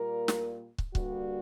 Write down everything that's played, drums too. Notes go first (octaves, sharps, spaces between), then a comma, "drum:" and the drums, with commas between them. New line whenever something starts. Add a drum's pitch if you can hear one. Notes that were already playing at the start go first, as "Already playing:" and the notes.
Already playing: A#2 G3 A#3 A#4
drum: snare
drum: kick
G2 D3 G3 A#3 F#4, drum: kick